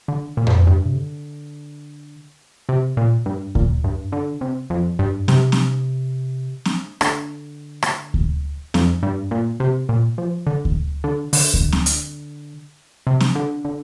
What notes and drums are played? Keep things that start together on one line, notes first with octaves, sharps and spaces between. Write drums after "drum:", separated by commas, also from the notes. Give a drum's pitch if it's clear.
D3
A#2
drum: tom F2
G2
C3
D3
C3
A#2
G2
A#2, drum: kick D2
G2
D3
C3
F2
G2
C3, drum: snare C4
drum: snare C4
drum: snare C4
D3, drum: rim click
drum: rim click
drum: kick D2
F2, drum: snare C4
G2
A#2
C3
A#2
F3
D3
drum: kick D2
D3
D3, drum: open hi-hat
drum: kick D2
drum: snare C4
drum: hi-hat
C3
drum: snare C4
D3
D3